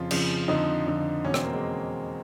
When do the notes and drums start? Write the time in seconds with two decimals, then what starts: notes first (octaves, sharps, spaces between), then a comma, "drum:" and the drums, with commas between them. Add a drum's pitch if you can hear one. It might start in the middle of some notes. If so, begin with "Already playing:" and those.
Already playing: F2 C#3 F3 F4
0.11 F2 C#3 F3, drum: cymbal
0.48 F2 D3 F3 D#4
0.87 F2 D3 F3
1.25 E2 B2 C#4
1.34 C4, drum: rim click
1.44 A#3
1.53 G#3